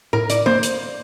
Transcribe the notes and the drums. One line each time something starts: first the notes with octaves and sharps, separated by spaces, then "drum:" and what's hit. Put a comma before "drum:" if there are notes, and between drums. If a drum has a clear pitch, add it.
A2 A#4
D5, drum: hi-hat
A#3 C5
drum: hi-hat